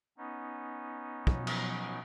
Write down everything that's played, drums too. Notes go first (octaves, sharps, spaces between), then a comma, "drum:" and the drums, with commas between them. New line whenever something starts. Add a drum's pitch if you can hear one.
B3 C#4 D#4
B2 F3 F#3, drum: kick
drum: cymbal